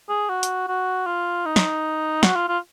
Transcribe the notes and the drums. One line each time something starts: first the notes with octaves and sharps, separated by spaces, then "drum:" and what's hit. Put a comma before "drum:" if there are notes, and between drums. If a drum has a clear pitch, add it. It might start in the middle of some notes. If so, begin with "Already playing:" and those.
G#4
F#4
drum: hi-hat
F#4
F4
D#4
drum: snare
F#4, drum: snare
F4
F4